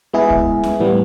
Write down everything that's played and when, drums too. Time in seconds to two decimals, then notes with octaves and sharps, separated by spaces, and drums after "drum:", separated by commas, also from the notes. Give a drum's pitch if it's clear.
0.13 G#3 B3 E4 G#4
0.30 drum: kick C#2
0.63 drum: snare
0.80 A2 E3 G3 B3